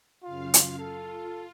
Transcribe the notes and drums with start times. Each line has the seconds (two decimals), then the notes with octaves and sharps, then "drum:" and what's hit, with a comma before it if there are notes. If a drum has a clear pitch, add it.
0.23 F#2 C#3 F4 F5
0.54 drum: hi-hat
0.79 F4 A4